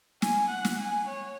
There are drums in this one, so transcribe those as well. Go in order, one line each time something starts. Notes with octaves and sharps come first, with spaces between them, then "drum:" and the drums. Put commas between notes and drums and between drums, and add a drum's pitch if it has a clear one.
G#5, drum: snare
F#5
drum: snare
G#5
C#5